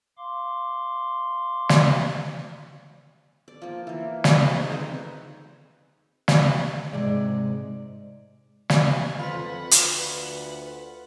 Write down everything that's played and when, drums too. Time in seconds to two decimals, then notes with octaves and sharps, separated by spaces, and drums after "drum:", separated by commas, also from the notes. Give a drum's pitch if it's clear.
0.17 F5 C6 D6
1.69 drum: snare
3.48 D5
3.62 F3 A#3
3.87 E3 A#3
4.24 D#5, drum: snare
4.50 D#4 G#4 C5
4.69 C4 B4 C5 A#5
6.28 drum: snare
6.93 G#2 C3 G#3 D5
8.69 F5 G#5, drum: snare
9.19 F2 F4 B4 F#5 B5 B6
9.71 D2, drum: hi-hat